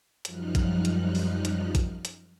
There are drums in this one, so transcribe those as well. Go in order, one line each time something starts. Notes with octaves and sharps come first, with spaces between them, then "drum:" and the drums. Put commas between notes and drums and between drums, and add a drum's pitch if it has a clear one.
F#2 F3 G3 D#4 F6 F#6, drum: hi-hat
drum: kick A#1, hi-hat
drum: hi-hat
drum: open hi-hat
drum: hi-hat
drum: kick A#1, hi-hat
drum: hi-hat